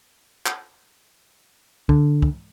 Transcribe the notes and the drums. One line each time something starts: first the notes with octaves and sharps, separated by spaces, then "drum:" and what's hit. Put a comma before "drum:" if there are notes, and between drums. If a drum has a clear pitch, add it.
drum: clap
D3, drum: kick
drum: kick